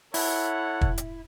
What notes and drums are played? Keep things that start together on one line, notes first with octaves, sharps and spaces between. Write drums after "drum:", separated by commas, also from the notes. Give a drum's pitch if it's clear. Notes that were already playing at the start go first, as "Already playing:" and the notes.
E4 A4 C#5 F#5, drum: open hi-hat
drum: kick
drum: hi-hat